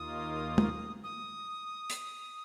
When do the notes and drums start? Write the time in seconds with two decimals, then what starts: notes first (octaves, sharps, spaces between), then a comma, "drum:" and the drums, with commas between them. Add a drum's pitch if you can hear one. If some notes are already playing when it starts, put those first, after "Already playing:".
Already playing: D#2 D#3 A#3 F4 D#6
0.58 drum: tom
1.04 D#6
1.90 drum: hi-hat